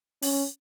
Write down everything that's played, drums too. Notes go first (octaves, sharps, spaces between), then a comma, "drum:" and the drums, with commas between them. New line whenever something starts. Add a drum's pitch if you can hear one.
C#4, drum: open hi-hat